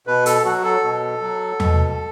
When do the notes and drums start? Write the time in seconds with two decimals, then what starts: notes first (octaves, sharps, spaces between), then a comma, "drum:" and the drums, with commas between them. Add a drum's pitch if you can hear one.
0.07 B2 B4
0.26 A4, drum: hi-hat
0.45 F#3 F#4
0.64 A4
0.83 B2
1.21 F#3
1.60 B2, drum: tom E2